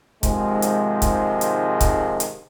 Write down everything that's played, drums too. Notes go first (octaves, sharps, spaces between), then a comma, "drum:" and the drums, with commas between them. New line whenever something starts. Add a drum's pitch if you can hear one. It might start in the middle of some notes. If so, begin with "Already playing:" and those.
G#2 C3 D#3 F3 G#3, drum: kick, hi-hat
drum: hi-hat
drum: kick, hi-hat
drum: hi-hat
drum: kick, hi-hat
drum: hi-hat